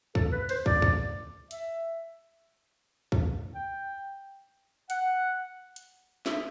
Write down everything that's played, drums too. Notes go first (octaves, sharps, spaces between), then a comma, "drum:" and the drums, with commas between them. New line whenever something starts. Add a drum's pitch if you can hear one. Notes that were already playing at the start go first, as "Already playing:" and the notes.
A4, drum: kick
B4
C5, drum: cymbal
D5, drum: kick
drum: kick
E5, drum: hi-hat
drum: kick
G5
F#5, drum: hi-hat
drum: hi-hat
E5, drum: snare